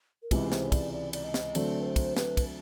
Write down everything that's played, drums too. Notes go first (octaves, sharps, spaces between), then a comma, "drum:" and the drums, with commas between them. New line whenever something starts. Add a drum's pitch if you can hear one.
A#4
C#2 C3 E3 G#3 B4, drum: kick, cymbal
C5, drum: snare
C#5
D5, drum: kick, cymbal
D5
D5, drum: cymbal
D#5
drum: snare
D3 F#3 A3 C4 D5, drum: cymbal
B4
C5
drum: kick, cymbal
B4, drum: snare
drum: kick, cymbal